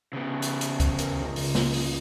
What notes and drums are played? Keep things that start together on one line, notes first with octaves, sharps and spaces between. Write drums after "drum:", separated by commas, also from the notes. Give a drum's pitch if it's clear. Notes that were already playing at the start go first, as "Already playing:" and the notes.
C#3 B3
drum: hi-hat
drum: hi-hat
drum: kick C2, hi-hat
A#4, drum: hi-hat
C#2
drum: open hi-hat
drum: snare
drum: open hi-hat